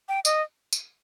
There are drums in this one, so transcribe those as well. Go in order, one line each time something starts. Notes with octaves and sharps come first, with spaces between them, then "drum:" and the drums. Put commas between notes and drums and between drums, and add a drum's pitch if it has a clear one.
G5
D#5, drum: tambourine
drum: tambourine